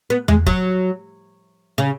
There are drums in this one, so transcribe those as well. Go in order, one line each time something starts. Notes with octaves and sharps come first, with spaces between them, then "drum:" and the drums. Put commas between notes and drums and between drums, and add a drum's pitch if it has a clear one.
B3
G#3, drum: tom E2
F#3, drum: kick
C#3